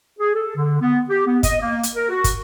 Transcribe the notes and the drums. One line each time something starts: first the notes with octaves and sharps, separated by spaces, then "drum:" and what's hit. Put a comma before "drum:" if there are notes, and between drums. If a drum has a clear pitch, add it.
G#4
A4
D3
B3
G4
B3
D#5, drum: kick, hi-hat
A#3
drum: hi-hat
A#4
F#4
drum: kick, hi-hat